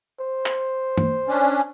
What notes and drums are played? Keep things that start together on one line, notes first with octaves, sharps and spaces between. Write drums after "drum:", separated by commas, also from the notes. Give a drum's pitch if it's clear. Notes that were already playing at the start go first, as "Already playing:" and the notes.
C5
drum: clap
drum: tom
C#4 D4